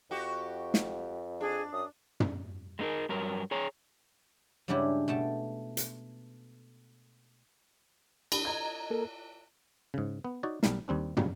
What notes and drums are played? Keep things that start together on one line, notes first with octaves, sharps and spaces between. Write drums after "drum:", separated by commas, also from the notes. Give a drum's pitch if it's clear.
F2 F#4 G4
drum: snare
D4 G#4
F#2 D#6
drum: tom
G#3 A#3 D#4 G#4 A#4
G2 F#3 A#4
G#4 C#5 A#5
G2 C#3 G#3 D4 E4 G4
B2 A3 G5 A5
drum: hi-hat
D4 G4 B5, drum: cymbal
D#5 A#5 G#6
A#3 A4 A#4
G#2 C#3
B3
D#4 F#4 C#5 D5
B1 G3 A#4, drum: snare
D#2 G3 C4 D4
A#2 C#3 F#3 G3 A#3, drum: tom